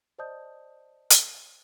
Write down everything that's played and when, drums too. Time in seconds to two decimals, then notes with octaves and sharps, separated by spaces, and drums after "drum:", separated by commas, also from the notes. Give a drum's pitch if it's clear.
0.19 C5 D5 D#5 A5 D#6 G6
1.10 drum: hi-hat